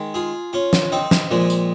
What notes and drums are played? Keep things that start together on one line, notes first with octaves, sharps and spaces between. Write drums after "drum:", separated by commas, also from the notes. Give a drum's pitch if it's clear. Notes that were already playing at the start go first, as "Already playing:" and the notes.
Already playing: D#3 G#3
F4 G#4
C#4 F4
drum: snare
C4 D#4
drum: snare
A#2 F3 G#3
drum: tambourine